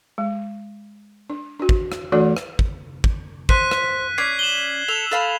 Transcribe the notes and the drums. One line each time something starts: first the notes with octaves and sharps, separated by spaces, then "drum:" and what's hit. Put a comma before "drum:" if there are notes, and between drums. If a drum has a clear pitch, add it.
G#3
D4
D4 F#4
drum: kick
drum: rim click
E3 A3 D4 F#4 A4 D5
drum: rim click
drum: kick
drum: kick
C5 F#6 B6 D#7, drum: kick
drum: rim click
C#4 D5 G#6 C7
E7 F#7 G7
A4 F7 G7
A4 F5 B5